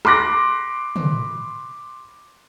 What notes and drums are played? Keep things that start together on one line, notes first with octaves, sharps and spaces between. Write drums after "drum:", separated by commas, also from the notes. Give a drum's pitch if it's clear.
B5 C6 D6 F#6 A#6, drum: rim click
drum: tom